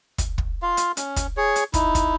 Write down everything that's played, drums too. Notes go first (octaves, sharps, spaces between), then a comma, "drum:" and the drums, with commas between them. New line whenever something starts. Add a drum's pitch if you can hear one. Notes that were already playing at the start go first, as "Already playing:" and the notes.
drum: kick, hi-hat
drum: kick
F4 F5
drum: hi-hat
C#4, drum: hi-hat
drum: kick, hi-hat
G#4 C#5
drum: hi-hat
D#4 E4, drum: kick, hi-hat
drum: kick, hi-hat